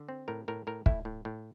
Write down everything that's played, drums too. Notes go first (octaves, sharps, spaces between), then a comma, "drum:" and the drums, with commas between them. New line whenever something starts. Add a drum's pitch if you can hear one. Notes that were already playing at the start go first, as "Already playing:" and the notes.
Already playing: D3
C4
A2 A#4
A2 A#4
A2 A#4
A2 E4, drum: kick
A2
A2